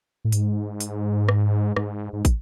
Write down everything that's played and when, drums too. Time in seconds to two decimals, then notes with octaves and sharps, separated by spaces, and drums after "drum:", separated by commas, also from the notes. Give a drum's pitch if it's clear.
0.25 A2
0.32 G#2, drum: hi-hat
0.80 drum: hi-hat
1.29 drum: rim click
1.77 G#2, drum: rim click
2.13 G#2
2.25 drum: kick, hi-hat